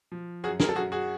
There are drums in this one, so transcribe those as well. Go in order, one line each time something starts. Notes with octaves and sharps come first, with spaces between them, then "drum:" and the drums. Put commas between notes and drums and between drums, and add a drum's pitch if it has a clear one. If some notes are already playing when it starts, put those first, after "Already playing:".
F3
F#2 F#4 G#4
G#4 A#4, drum: snare
A4
F#2 F#4 G#4
F#4 G#4